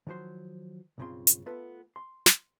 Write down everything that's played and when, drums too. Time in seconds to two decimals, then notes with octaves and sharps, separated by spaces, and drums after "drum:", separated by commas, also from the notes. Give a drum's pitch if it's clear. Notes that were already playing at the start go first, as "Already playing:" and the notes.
0.07 D#3 F3 F#3 C5 C6
0.98 B1 G2 C#3 C4 F4 C6
1.27 drum: hi-hat
1.46 A3 B3 F4 A4 B4
1.96 C6
2.26 drum: snare